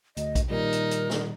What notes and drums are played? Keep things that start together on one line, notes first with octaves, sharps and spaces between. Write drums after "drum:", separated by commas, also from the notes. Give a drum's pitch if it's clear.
D2 D#5, drum: hi-hat
drum: kick A#1, hi-hat
A#2 D#3 G3 D#4 A#4
drum: hi-hat
drum: hi-hat
drum: snare